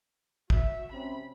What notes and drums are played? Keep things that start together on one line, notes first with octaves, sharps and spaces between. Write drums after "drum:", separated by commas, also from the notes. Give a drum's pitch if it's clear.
F#4 E5, drum: kick
C3 C#4 B5